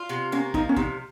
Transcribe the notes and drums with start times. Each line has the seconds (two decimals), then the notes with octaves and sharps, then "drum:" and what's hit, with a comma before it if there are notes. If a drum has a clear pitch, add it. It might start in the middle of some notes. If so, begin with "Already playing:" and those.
Already playing: F4
0.09 C3
0.32 A#3 C#4
0.54 F3 D#4, drum: kick
0.69 C#4
0.77 C3 D#4, drum: kick